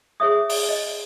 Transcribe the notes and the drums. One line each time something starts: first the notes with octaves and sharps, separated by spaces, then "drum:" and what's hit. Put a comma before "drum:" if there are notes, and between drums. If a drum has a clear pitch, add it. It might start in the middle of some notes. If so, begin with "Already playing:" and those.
G#4 C#5 E5 D#6
drum: open hi-hat
D#5